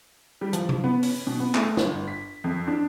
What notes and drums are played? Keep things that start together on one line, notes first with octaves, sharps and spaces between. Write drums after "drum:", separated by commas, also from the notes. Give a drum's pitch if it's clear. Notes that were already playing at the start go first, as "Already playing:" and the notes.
G3
F3, drum: hi-hat
drum: tom C3
B3
C#4, drum: open hi-hat
B2
B3
A3, drum: clap
G1, drum: snare
B6
F2
D4